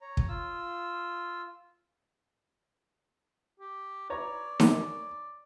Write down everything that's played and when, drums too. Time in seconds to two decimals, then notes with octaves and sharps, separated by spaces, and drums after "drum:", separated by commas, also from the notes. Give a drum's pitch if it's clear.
0.01 C#5 A#5
0.17 drum: kick
0.29 F4 E6
3.60 G4
4.10 B4 C#5 D5 A#5
4.60 drum: snare D#4